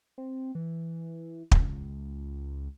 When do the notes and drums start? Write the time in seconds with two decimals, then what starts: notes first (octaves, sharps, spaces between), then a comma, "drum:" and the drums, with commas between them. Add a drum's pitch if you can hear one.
0.18 C4
0.55 E3
1.51 C#2, drum: kick